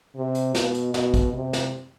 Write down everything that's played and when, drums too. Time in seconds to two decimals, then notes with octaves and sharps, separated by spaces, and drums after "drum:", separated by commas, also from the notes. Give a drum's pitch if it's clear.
0.15 C3
0.35 drum: hi-hat
0.55 B2, drum: snare
0.74 drum: hi-hat
0.94 B2, drum: snare
1.14 drum: kick, hi-hat
1.33 C3
1.53 drum: snare